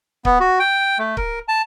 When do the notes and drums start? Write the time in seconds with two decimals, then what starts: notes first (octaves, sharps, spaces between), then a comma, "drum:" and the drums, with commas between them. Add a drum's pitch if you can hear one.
0.25 B3, drum: kick C#1
0.40 F#4
0.60 G5
0.98 A3
1.17 A#4, drum: kick C#1
1.48 A5